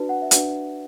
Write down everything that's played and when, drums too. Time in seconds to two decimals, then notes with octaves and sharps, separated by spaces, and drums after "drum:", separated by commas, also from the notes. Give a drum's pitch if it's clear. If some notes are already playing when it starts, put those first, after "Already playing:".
Already playing: D4 F#4 B4 D5 A5
0.09 F#5
0.22 E5
0.31 D4 F#4 B4 D5 F#5, drum: hi-hat